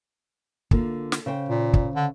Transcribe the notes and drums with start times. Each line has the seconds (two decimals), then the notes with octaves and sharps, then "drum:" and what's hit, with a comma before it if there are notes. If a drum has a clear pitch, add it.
0.71 D3 A#3 F4, drum: kick
1.12 drum: snare
1.26 C#3 C5 G5
1.49 A#2
1.74 drum: kick
1.95 D3